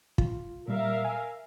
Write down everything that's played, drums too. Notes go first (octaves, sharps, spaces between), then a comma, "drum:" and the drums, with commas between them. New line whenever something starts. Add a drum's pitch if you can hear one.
F4, drum: kick
A#2 G3 A#4 E5 F5
G#5